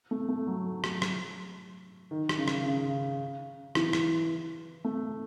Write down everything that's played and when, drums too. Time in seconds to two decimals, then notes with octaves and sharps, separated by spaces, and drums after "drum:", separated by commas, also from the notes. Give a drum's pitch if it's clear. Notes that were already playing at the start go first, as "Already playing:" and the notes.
0.11 A3
0.29 A3
0.47 F#3
0.84 drum: rim click
1.02 drum: rim click
2.11 D#3
2.29 drum: rim click
2.39 C#3
2.48 drum: rim click
2.66 C#3
3.75 E3, drum: rim click
3.93 drum: rim click
4.85 A3